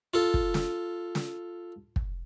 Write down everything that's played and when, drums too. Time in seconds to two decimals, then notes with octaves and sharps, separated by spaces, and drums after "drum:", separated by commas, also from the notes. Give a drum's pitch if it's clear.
0.14 F4 A4
0.34 drum: kick
0.54 drum: snare
1.15 drum: snare
1.96 drum: kick